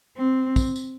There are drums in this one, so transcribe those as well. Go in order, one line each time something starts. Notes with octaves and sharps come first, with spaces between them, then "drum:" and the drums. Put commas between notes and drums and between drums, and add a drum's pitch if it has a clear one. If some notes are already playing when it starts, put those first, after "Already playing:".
C4
drum: kick, tambourine
drum: tambourine